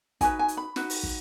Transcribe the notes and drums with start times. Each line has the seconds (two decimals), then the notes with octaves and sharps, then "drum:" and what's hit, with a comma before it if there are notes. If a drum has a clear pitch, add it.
0.21 D#4 F#4 B4 G#5, drum: kick, hi-hat
0.39 G#5
0.48 drum: hi-hat
0.57 B5
0.76 D#4 F#4 B4, drum: snare
0.90 drum: open hi-hat
1.03 drum: kick